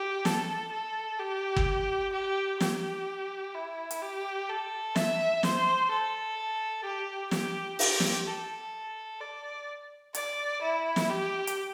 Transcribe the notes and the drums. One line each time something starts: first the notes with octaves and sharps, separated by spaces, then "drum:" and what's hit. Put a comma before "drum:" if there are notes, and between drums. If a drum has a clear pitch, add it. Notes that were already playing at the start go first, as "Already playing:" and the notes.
Already playing: G4
A4, drum: snare
A4
G4
drum: kick
G4
G4, drum: snare
E4
drum: hi-hat
G4
A4
E5, drum: snare
C5, drum: snare
A4
G4
G4, drum: snare
G4, drum: open hi-hat
drum: snare
A4
D5
D5, drum: hi-hat
E4
drum: snare
G4
drum: hi-hat